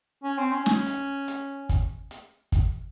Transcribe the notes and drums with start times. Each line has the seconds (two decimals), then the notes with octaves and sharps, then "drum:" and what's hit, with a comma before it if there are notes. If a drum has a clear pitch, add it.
0.24 C#4
0.38 C4
0.51 C#4
0.66 C#4, drum: snare
0.87 drum: hi-hat
1.28 drum: hi-hat
1.69 drum: kick, hi-hat
2.11 drum: hi-hat
2.52 drum: kick, hi-hat